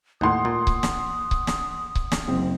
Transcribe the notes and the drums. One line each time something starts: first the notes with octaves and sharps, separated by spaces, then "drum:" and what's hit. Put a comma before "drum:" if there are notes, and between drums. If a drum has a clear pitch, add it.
D#2 A2 F#5 C6 D#6
A#2
drum: kick C#1
drum: snare
drum: kick C#1
drum: snare
drum: kick C#1
drum: snare
F#1 C4